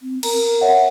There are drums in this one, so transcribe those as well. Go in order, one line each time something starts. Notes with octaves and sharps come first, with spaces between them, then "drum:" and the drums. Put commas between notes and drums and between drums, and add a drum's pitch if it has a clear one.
C4
A#4 A#5, drum: cymbal
C#5 E5 F#5